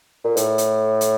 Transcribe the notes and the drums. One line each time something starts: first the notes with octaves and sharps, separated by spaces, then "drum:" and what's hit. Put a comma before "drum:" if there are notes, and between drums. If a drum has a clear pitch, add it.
A#2
A2, drum: hi-hat
drum: hi-hat
drum: hi-hat